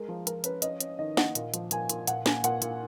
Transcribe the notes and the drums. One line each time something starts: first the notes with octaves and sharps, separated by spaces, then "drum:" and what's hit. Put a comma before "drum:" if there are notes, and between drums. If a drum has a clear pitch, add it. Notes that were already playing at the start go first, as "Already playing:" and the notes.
Already playing: G#3 A#4
F3
F3 A#4, drum: hi-hat
C#4 B4, drum: hi-hat
C#4 D#5, drum: hi-hat
C#4, drum: hi-hat
D#3 D#5
A#3 F#5, drum: snare
A#2, drum: hi-hat
F3, drum: hi-hat
A#2 G#5, drum: hi-hat
A#2, drum: hi-hat
A#2 F#5, drum: hi-hat
A#3 G#5, drum: snare
A#2 F#5, drum: hi-hat
A#2, drum: hi-hat